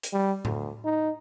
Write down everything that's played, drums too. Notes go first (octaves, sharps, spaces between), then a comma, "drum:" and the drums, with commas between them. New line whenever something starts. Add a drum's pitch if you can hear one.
drum: hi-hat
G3
D2, drum: tom A2
D#4